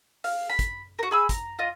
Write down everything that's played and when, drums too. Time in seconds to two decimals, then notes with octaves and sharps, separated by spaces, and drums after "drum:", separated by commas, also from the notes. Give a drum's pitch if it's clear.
0.24 F5, drum: open hi-hat
0.49 B5
0.59 drum: kick, hi-hat
0.99 F#4 A#4
1.11 G#4 B5 E6
1.29 A#5, drum: kick, hi-hat
1.59 F4 D#5